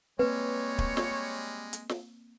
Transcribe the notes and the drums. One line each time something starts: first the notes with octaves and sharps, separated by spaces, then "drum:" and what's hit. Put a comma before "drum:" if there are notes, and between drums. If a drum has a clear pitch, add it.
G3 G#3 A#3 C4 B4 C#5
drum: kick
drum: snare
drum: hi-hat
drum: snare